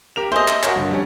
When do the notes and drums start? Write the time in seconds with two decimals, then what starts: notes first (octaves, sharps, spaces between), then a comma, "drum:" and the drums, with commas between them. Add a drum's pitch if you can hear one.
0.16 G4 A#4 F7
0.32 C5 D#5 E5 G#5
0.48 drum: clap
0.63 F#4 A#4 C#5, drum: clap
0.76 G2 D3
0.91 G3 C#4